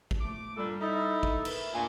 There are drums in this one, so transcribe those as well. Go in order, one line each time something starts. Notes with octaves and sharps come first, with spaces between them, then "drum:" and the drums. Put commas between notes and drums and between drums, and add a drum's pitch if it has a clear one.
drum: kick
A3 D6
A#2 G3 D4 A4
D#4 E4 A4
drum: kick
A#4 B4 E5, drum: cymbal
E2 A#2 A3 D4 G#5